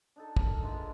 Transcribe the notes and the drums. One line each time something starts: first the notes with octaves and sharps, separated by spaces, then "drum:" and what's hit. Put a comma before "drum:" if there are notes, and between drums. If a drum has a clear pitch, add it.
D4 D#4 A4
A#4, drum: kick
D3 E3 G#3 F4